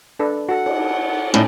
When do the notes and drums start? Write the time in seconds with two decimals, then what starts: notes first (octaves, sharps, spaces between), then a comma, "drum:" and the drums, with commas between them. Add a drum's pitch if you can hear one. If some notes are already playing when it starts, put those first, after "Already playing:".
0.19 D4 A4 B4
0.49 F#4 A4 F#5
0.66 drum: cymbal
1.34 A2 C#4 D#4 D5